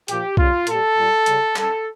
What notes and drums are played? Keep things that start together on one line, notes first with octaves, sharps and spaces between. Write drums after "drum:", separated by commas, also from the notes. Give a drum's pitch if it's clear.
A#2 F3 G4, drum: hi-hat
C#3 G3 F4, drum: kick B1
A#2 G3 A4, drum: hi-hat
A#2 G3
C#3 G3, drum: hi-hat
C#3 G3 A4, drum: clap